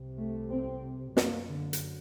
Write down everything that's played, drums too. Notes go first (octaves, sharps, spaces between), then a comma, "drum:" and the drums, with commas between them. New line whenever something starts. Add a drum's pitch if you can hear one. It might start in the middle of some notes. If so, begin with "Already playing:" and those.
Already playing: C2 C3
A3
C4
F#2 A#3, drum: snare
D3
drum: hi-hat